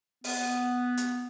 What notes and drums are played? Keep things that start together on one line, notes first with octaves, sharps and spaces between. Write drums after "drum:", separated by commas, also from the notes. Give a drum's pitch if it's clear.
B3, drum: open hi-hat
drum: hi-hat